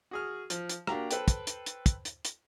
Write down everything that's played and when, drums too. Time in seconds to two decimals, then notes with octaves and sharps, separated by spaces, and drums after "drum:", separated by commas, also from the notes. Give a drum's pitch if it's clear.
0.11 F#4 G#4 F6
0.50 F3, drum: hi-hat
0.69 drum: hi-hat
0.87 A#3 D4 F#4 G4 F5 A#5, drum: rim click
1.11 A4 B4 C5 G5, drum: hi-hat
1.28 drum: kick, hi-hat
1.47 drum: hi-hat
1.66 drum: hi-hat
1.86 drum: kick, hi-hat
2.05 drum: hi-hat
2.25 drum: hi-hat